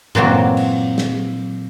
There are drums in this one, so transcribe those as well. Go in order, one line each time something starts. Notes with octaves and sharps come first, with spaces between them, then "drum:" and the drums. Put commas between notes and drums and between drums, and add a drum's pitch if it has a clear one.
A#2 E3 F#3 A#3 C4 F#4, drum: tom G2
drum: cymbal
drum: snare